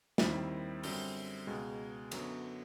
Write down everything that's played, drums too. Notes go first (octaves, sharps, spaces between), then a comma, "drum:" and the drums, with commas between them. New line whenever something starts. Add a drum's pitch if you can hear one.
D#2 D#3 G3 C4 E4, drum: snare
F#2 D3 G3 C4, drum: open hi-hat
C#2 B2 G#3
F#2 D3 F#3 B3, drum: cymbal